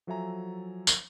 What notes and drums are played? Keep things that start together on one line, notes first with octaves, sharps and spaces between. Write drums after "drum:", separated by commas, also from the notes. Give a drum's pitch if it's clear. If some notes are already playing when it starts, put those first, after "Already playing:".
F3 F#3 A4 E5 G#5 A#5
drum: tambourine